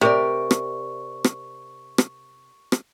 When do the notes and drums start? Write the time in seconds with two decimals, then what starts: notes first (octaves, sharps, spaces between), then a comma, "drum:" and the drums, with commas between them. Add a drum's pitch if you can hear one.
0.01 C3 G4 A#4 D5 C#6
0.51 drum: rim click
1.24 drum: rim click
1.98 drum: rim click
2.72 drum: rim click